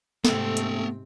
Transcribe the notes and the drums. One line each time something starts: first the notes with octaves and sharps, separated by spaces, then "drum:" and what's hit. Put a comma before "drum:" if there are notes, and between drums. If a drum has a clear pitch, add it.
G#2 C3 A3 B3 C4 A4 G5, drum: snare
drum: hi-hat